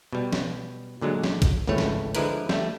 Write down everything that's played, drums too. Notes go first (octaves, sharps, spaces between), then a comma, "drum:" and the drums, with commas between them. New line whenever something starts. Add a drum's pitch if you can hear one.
B2 G3
drum: snare
A#2 D3 F#3 G#3
drum: snare
drum: kick, hi-hat
G#1 C#2 A2 A3 C#5
drum: snare
D3 F3 G#3 E4 A#4 B4, drum: hi-hat
G3 A3, drum: snare